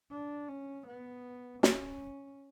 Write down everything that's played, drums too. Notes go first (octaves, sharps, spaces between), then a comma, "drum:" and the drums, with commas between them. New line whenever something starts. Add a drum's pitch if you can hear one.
D4
C#4
B3
C#4, drum: snare